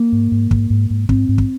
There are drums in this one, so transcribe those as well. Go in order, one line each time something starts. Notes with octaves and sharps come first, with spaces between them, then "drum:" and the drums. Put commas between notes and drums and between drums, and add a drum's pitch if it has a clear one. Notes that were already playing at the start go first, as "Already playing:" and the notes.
Already playing: A#3
G#2
G#2
G#2, drum: kick
G#2
G#2
G#2 C4, drum: kick
G#2
drum: kick